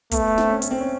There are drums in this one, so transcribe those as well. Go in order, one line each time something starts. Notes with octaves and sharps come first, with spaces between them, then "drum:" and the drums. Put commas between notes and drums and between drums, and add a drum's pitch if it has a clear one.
A3 B3, drum: kick, hi-hat
C4, drum: snare
C#4
C#4, drum: hi-hat
C4
C#4